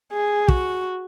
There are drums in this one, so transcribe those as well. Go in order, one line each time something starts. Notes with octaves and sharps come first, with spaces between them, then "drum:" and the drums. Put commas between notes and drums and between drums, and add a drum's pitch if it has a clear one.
G#4
F#4, drum: kick